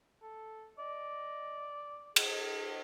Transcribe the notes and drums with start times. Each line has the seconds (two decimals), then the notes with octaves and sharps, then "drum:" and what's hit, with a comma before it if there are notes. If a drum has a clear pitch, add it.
0.22 A4
0.78 D5 D#5
2.16 G#4, drum: cymbal